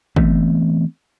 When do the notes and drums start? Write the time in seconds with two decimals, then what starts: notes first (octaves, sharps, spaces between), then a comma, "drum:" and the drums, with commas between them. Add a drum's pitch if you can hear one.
0.16 E3 A3 B3 C4, drum: kick